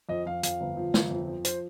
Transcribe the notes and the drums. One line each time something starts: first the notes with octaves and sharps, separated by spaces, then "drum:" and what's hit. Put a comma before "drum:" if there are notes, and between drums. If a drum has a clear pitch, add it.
F2 D#5
F2 F5
F2 F5, drum: hi-hat
G1
F3
G1, drum: snare
F2
F3
C5, drum: hi-hat